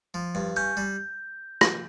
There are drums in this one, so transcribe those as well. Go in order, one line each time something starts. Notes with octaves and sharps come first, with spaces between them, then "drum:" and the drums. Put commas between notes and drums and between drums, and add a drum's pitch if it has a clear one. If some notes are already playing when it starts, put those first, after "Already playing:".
F3
G2
C#4 G6
G3
drum: rim click